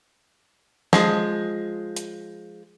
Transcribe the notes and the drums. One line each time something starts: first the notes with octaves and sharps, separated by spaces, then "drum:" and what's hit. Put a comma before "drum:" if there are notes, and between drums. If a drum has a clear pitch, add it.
F3 G#3, drum: snare
drum: hi-hat